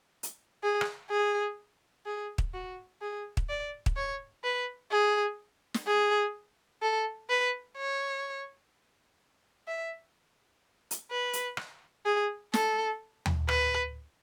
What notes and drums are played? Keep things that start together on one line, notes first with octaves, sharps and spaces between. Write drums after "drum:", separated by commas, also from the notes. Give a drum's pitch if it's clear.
drum: hi-hat
G#4
drum: rim click
G#4
G#4
drum: kick
F#4
G#4
drum: kick
D5
drum: kick
C#5
B4
G#4
drum: snare
G#4
A4
B4
C#5
E5
drum: hi-hat
B4
drum: hi-hat
drum: rim click
G#4
A4, drum: snare
drum: tom D#2
B4, drum: rim click